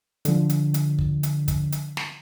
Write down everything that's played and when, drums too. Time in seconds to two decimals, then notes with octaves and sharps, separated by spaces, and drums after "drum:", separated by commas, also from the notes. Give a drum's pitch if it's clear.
0.25 D3 F3, drum: hi-hat
0.50 drum: hi-hat
0.74 drum: hi-hat
0.99 drum: kick
1.23 drum: hi-hat
1.48 drum: kick, hi-hat
1.72 drum: hi-hat
1.97 drum: snare